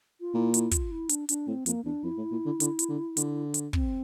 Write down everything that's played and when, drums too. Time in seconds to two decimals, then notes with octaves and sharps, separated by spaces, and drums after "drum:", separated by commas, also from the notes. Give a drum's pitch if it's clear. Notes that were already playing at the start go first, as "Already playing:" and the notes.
0.21 F4
0.34 A#2 E4
0.54 E4, drum: hi-hat
0.71 F4, drum: kick, hi-hat
0.91 E4
1.09 D4, drum: hi-hat
1.29 D4, drum: hi-hat
1.47 A2 C4
1.66 F2 A#3, drum: hi-hat
1.85 E2 D4
2.04 F2 E4
2.17 A2
2.31 A#2
2.45 D3
2.60 D3, drum: hi-hat
2.79 drum: hi-hat
2.89 D3
3.17 D3, drum: hi-hat
3.54 drum: hi-hat
3.73 C4, drum: kick